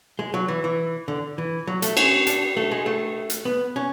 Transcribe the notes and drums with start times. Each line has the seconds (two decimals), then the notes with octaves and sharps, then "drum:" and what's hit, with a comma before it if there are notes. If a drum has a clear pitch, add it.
0.19 G#3
0.34 F#3
0.48 E3
0.64 E3
1.08 D3
1.38 E3
1.67 F#3
1.82 A3, drum: hi-hat
1.97 C#4, drum: cymbal
2.27 D4, drum: hi-hat
2.57 A3
2.71 G#3
2.86 A3
3.30 drum: hi-hat
3.45 B3
3.76 C#4